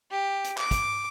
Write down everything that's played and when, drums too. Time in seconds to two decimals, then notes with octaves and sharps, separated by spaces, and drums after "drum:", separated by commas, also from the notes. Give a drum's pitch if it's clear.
0.11 G4
0.44 drum: hi-hat
0.58 D6, drum: clap
0.71 drum: kick, hi-hat